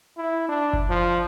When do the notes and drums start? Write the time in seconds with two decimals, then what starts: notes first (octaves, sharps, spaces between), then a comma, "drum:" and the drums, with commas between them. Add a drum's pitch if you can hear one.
0.17 E4
0.49 D4
0.73 drum: kick F#1
0.90 F3